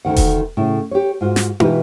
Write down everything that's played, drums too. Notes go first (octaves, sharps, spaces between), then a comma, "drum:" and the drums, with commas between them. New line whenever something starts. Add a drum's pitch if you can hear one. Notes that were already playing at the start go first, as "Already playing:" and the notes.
D2 D#3 F#5
drum: kick E1, open hi-hat
A2 C#3 E4
G4 C#5
G#2 F4 F#4
drum: snare
B2 E3 F4 G4 B4, drum: tom